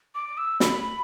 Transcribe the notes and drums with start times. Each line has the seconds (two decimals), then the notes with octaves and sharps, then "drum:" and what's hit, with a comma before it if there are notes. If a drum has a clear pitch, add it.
0.15 D6
0.37 E6
0.60 B5, drum: snare